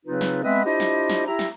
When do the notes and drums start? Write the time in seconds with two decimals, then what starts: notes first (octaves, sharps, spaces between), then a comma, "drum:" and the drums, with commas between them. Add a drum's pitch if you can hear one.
0.06 C#3 F#3 C4 D#4 F4 B4
0.21 drum: snare
0.44 G#3 B3 C4 B4 D#5 E5
0.65 D4 E4 F4 G4 C5 D#5
0.80 drum: snare
1.10 drum: snare
1.27 E4 G4 E5 A#5
1.39 drum: snare